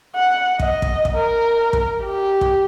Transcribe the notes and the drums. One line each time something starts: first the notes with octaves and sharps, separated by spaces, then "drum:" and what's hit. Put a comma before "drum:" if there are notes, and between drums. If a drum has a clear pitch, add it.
F#5
D#5, drum: kick
drum: kick
drum: kick
A#4
drum: kick
G4
drum: kick